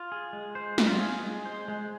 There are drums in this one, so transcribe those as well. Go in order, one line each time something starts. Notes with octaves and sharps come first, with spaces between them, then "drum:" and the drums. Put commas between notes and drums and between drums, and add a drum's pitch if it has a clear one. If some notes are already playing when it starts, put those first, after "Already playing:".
Already playing: F4
G#4
G#3
C5
F4, drum: snare
G#4
G#3
C5
G#3